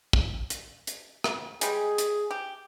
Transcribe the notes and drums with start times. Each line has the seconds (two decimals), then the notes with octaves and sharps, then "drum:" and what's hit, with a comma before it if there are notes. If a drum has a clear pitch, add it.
0.13 drum: kick
0.50 drum: hi-hat
0.87 drum: hi-hat
1.24 drum: rim click
1.61 G3 G#3 G#4, drum: hi-hat
1.98 drum: hi-hat
2.31 G4